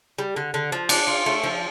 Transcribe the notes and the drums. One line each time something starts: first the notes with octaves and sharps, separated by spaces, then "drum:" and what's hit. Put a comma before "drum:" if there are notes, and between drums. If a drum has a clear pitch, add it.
G3
D3
D3
F3
D4, drum: cymbal
F4
A3
F3